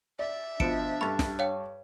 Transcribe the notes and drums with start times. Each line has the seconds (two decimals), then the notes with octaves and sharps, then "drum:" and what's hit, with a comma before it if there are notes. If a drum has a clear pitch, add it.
0.19 D5 E5
0.60 B2 F3 D4 C#7 D7 E7, drum: kick
1.01 G2 A4 B5 C#6 A6
1.19 drum: snare
1.39 C#5 F5 G5